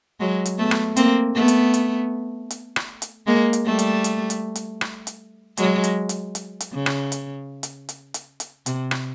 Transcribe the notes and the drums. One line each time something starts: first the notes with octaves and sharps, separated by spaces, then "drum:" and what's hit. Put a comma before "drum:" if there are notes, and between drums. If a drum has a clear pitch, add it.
F#3 G#3
drum: hi-hat
A3 B3
drum: rim click
A#3 C4, drum: hi-hat
A3 B3
drum: hi-hat
drum: hi-hat
drum: hi-hat
drum: rim click
drum: hi-hat
G#3 A#3
drum: hi-hat
G3 A3
drum: hi-hat
drum: hi-hat
drum: hi-hat
drum: hi-hat
drum: rim click
drum: hi-hat
F#3 G#3, drum: hi-hat
drum: hi-hat
drum: hi-hat
drum: hi-hat
drum: hi-hat
C#3
drum: rim click
drum: hi-hat
drum: hi-hat
drum: hi-hat
drum: hi-hat
drum: hi-hat
C3, drum: hi-hat
drum: rim click